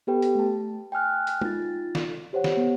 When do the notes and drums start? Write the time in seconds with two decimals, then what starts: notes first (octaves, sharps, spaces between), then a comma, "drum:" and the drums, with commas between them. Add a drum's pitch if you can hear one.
0.07 B3 G4 A4 B4 G5
0.22 drum: hi-hat
0.35 A3 A5
0.92 G5 G#5 F6 F#6
1.27 drum: hi-hat
1.41 D#4 F4 A6, drum: tom G#3
1.95 drum: snare
2.33 G4 C5 C#5 F#5
2.44 drum: snare
2.57 B3